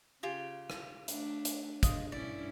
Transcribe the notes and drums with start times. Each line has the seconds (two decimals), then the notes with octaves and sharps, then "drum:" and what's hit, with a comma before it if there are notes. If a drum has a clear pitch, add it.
0.23 C#3 F4 G4 G#5
0.70 drum: rim click
1.08 A3 D4, drum: hi-hat
1.45 drum: hi-hat
1.83 D4 F4 D#5, drum: kick, hi-hat
2.12 G2 C#4 E4 D5